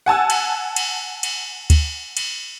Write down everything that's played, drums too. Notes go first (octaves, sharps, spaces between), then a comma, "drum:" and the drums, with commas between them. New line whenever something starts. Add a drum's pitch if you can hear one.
F#5 G#5 A5 E6
drum: cymbal
drum: cymbal
drum: cymbal
drum: kick D2, cymbal
drum: cymbal